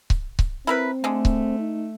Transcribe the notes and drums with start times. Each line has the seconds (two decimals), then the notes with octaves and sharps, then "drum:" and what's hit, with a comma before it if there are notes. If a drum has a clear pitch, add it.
0.10 drum: kick C#1
0.39 drum: kick C#1
0.67 C4 E4 A#4 B4
1.04 D3 G#3 A3
1.25 drum: kick C#1
1.59 D#4